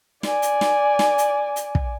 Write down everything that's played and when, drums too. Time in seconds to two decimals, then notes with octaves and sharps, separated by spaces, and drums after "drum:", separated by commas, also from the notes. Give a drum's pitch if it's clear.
0.23 D5 G#5, drum: snare
0.42 drum: hi-hat
0.61 drum: snare
0.99 drum: snare
1.18 drum: hi-hat
1.56 drum: hi-hat
1.75 drum: kick